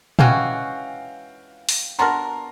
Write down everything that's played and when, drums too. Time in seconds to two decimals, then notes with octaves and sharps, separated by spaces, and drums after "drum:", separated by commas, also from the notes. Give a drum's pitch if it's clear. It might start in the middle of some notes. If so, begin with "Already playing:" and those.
0.19 E3 G#3 C#4 F#4 F5 G5, drum: tom A#2
1.69 drum: open hi-hat
1.99 B3 D4 F#4 A#4 A#5 C6